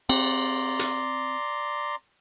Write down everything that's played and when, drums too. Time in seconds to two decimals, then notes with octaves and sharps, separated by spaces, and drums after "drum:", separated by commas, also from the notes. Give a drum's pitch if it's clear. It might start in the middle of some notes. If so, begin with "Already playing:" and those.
0.09 C4 D5 A#5 C6, drum: cymbal
0.79 drum: hi-hat